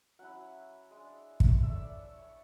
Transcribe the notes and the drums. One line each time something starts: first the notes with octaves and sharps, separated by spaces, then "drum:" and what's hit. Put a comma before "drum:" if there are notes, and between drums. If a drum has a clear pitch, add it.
F#3 C#4 E4 F#5
G#3
D4
drum: kick
A3 D4 E5
C#5
D5
C#5
C#5